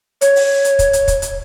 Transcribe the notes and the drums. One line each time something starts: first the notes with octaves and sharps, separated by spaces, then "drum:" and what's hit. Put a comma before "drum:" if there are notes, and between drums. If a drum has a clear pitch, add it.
C#5, drum: hi-hat
drum: open hi-hat
drum: hi-hat
drum: kick, hi-hat
drum: hi-hat
drum: kick, hi-hat
drum: hi-hat